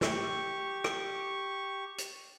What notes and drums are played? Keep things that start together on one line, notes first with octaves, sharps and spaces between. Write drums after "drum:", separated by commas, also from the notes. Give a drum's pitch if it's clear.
G4 C#6, drum: snare
drum: rim click
drum: hi-hat